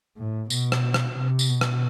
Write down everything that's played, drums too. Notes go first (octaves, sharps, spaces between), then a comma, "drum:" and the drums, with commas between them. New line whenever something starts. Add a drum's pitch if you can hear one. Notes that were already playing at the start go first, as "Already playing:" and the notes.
A2
B2, drum: tambourine
drum: rim click
drum: rim click
C3
drum: tambourine
B2
drum: rim click